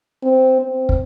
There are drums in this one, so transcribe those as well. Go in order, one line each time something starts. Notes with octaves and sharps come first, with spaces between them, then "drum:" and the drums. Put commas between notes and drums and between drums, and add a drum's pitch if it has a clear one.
C4
C4
drum: kick